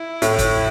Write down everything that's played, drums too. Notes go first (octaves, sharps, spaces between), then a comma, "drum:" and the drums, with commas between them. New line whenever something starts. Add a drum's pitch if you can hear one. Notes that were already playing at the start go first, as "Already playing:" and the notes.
Already playing: E4
A2, drum: hi-hat
drum: kick, hi-hat